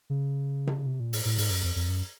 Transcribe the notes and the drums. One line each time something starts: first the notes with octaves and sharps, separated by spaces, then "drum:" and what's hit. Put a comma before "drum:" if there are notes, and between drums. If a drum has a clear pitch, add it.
C#3
drum: tom C3
C3
A#2
A2, drum: open hi-hat
A2
G#2, drum: open hi-hat
F#2
F2
F2
F#2